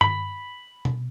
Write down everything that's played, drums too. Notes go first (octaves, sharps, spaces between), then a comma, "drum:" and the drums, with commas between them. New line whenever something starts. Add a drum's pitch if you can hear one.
B5, drum: tom G2
drum: tom B2